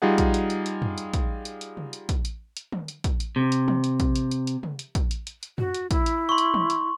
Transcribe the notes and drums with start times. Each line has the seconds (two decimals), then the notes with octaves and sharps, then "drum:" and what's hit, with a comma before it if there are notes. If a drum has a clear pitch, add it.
0.02 G3 D#4 F4 G#4 F#5
0.18 drum: kick, hi-hat
0.34 drum: hi-hat
0.50 drum: hi-hat
0.66 drum: hi-hat
0.82 drum: tom
0.98 drum: hi-hat
1.14 drum: kick, hi-hat
1.45 drum: hi-hat
1.61 drum: hi-hat
1.77 drum: tom
1.93 drum: hi-hat
2.09 drum: kick, hi-hat
2.25 drum: hi-hat
2.57 drum: hi-hat
2.72 drum: tom
2.88 drum: hi-hat
3.04 drum: kick, hi-hat
3.20 drum: hi-hat
3.36 C3
3.52 drum: hi-hat
3.68 drum: tom
3.84 drum: hi-hat
4.00 drum: kick, hi-hat
4.16 drum: hi-hat
4.31 drum: hi-hat
4.47 drum: hi-hat
4.63 drum: tom
4.79 drum: hi-hat
4.95 drum: kick, hi-hat
5.11 drum: hi-hat
5.27 drum: hi-hat
5.43 drum: hi-hat
5.58 F#4, drum: tom
5.74 drum: hi-hat
5.91 E4, drum: kick, hi-hat
6.06 drum: hi-hat
6.29 C6 C#6
6.38 drum: hi-hat
6.54 drum: tom
6.70 drum: hi-hat